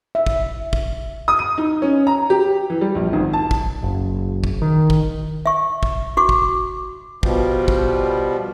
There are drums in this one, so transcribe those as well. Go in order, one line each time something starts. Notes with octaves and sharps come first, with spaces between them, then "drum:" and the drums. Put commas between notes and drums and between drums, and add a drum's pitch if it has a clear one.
E5
drum: kick
drum: kick
D#6
D#7
D#4
C#4
A#5
G4
E3
G3
A#1
G#1
A5
drum: kick
F#1
drum: kick
D#3
drum: kick
E5 C#6
drum: kick
F#4 C#6 D6
drum: kick
B2 F3 G3, drum: kick
drum: kick